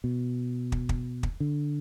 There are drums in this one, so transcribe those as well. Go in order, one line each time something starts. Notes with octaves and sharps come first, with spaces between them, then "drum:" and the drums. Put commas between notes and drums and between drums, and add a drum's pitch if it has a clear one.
B2
drum: kick
drum: kick
drum: kick
D3